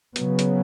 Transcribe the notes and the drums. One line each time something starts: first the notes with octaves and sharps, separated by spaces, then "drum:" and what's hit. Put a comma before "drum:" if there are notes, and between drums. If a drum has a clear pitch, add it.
C#3 F#3 B3, drum: hi-hat
drum: hi-hat